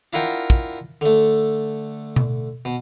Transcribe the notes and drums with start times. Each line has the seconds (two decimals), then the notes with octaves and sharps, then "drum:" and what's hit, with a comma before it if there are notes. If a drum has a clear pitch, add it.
0.13 D4 E4 F4 A#4 F#5 G5
0.50 drum: kick
1.01 D3 A3
2.16 drum: tom B2
2.65 B2